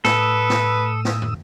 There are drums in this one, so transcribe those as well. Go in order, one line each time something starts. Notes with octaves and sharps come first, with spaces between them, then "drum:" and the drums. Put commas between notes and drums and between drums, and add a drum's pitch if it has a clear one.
A2 A4 B4 D#6 E6, drum: snare
drum: snare
drum: snare
drum: tom